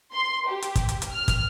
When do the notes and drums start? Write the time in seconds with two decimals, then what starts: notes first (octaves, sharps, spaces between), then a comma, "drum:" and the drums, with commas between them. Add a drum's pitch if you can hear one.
0.14 C6
0.49 G4
0.62 drum: hi-hat
0.76 drum: kick, hi-hat
0.89 drum: hi-hat
1.02 drum: hi-hat
1.12 F6
1.28 drum: kick, hi-hat